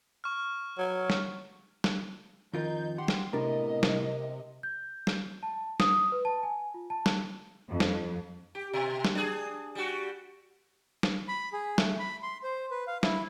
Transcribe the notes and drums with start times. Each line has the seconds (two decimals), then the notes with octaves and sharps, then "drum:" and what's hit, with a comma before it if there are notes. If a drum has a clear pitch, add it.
0.24 C#6 F6
0.78 F#3
1.10 drum: snare
1.84 drum: snare
2.54 F2 D#3 D#4 F4 A#4 G6
2.98 G4 F#5 C6
3.08 drum: snare
3.33 A2 C3 B3 D4 A#4 D#5
3.83 drum: snare
4.63 G6
5.07 drum: snare
5.43 A5
5.80 D#6, drum: snare
6.12 B4
6.25 A5
6.43 G#5
6.74 F4
6.90 A5
7.06 drum: snare
7.69 F2
7.80 drum: snare
8.55 G4
8.73 B2
9.05 drum: snare
9.15 D4 G#4
9.75 G3 F#4
11.03 drum: snare
11.28 B5
11.53 G#4
11.78 A3, drum: snare
11.99 B5
12.22 C6
12.43 C5
12.71 B4
12.87 F5
13.03 E4, drum: snare